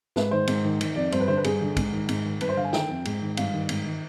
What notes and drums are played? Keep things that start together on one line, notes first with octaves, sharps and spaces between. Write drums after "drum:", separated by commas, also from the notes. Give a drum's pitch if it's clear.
G#2 B4, drum: snare
D#3 C5
G#2, drum: cymbal
D#3
D#3, drum: cymbal
F2 D5
G2 C5, drum: cymbal
B4
D3 C5
B4
G2 G#4, drum: cymbal
D3
G#2, drum: kick, cymbal
D#3
G#2, drum: cymbal
D#3
G2 B4, drum: cymbal
C5
D3 F5
G#5
D#3 G5, drum: snare
F2
G#2, drum: cymbal
D#3
G2 F5, drum: cymbal
D#3
G#2, drum: cymbal
D#3